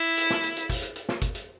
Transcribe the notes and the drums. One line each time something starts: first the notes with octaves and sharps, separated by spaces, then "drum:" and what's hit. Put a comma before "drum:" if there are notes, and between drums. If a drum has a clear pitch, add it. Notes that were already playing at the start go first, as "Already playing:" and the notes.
Already playing: E4
drum: hi-hat
drum: snare
drum: hi-hat
drum: hi-hat
drum: kick, open hi-hat
drum: hi-hat
drum: hi-hat
drum: snare
drum: kick, hi-hat
drum: hi-hat